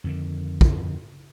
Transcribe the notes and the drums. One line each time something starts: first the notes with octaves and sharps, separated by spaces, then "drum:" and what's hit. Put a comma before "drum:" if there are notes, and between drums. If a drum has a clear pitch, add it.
F2 D3 D#3
drum: kick